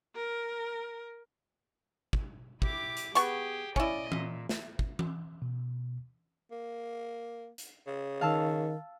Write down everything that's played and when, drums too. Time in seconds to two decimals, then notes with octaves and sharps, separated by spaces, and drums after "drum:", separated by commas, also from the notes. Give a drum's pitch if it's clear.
0.15 A#4
2.13 drum: kick
2.62 E4 G4 D6, drum: kick
2.97 drum: hi-hat
3.15 B3 G4 G#4 C#6, drum: hi-hat
3.76 C#4 E4 D5 D#5, drum: kick
4.12 A#2, drum: tom E3
4.49 drum: snare
4.79 drum: kick
4.99 drum: tom E3
5.42 B2
6.51 A#3
7.58 drum: hi-hat
7.87 C#3
8.21 D#3 F5 A5 E6